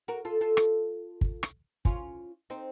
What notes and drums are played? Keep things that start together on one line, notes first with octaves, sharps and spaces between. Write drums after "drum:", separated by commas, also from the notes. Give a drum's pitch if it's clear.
F#4 A#4
F4 A4
F4 A4
drum: rim click
drum: kick
drum: rim click
C#4 F4, drum: kick
C4 D#4